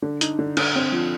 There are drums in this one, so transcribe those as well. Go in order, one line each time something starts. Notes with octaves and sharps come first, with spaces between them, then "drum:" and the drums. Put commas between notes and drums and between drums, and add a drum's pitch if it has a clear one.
D3
D#4, drum: hi-hat
D3
D3, drum: cymbal
C4
F3